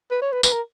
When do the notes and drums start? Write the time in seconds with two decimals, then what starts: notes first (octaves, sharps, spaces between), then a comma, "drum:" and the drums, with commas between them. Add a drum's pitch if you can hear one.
0.11 B4
0.21 C#5
0.32 B4
0.43 B4, drum: tambourine
0.52 A#4